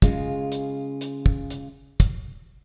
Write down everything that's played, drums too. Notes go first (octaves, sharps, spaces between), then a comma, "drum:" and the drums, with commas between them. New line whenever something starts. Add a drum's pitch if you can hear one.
C#3 G#3 F4, drum: kick, hi-hat
drum: hi-hat
drum: hi-hat
drum: kick
drum: hi-hat
drum: kick, hi-hat